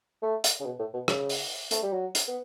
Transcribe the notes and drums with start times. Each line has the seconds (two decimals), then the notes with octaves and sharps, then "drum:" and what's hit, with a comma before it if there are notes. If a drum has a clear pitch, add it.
0.22 A3
0.44 drum: hi-hat
0.60 C#3
0.65 B2
0.79 A2
0.94 B2
1.08 C#3, drum: rim click
1.29 drum: open hi-hat
1.71 A3, drum: hi-hat
1.83 G3
1.93 F#3
2.15 drum: hi-hat
2.28 B3